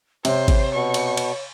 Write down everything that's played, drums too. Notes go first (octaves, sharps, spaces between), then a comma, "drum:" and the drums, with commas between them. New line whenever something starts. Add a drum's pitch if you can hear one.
C3 C5 C#5, drum: cymbal
drum: kick G#1, cymbal
B2 C#6
drum: cymbal
drum: cymbal